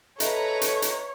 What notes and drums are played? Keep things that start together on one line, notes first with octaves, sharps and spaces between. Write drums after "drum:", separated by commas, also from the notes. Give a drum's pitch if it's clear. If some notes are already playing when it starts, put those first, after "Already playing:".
A4 B4 C#5 D#5 E5 A#5, drum: hi-hat
drum: hi-hat
drum: hi-hat